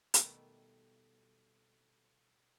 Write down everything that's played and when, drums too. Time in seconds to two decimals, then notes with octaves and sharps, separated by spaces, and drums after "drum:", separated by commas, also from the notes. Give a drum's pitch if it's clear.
0.14 B2 D#3 G3 A3, drum: hi-hat